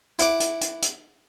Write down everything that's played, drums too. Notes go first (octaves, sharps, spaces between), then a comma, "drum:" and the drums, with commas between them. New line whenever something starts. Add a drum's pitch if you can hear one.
E4 F#5 D6, drum: hi-hat
drum: hi-hat
drum: hi-hat
drum: hi-hat